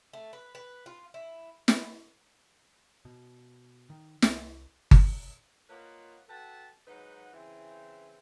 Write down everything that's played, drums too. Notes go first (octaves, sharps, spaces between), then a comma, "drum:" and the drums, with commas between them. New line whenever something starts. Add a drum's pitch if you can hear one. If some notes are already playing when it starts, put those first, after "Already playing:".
A3
B4
B4
F4
E4
B4, drum: snare
B2
D#3
C2, drum: snare
drum: kick G1
A#3 F4 B4 C#5 D#5 F#5
F#4 A4 B4 G5 A5
G#2 F#3 D#4 B4 F#5
C#3 E3 C4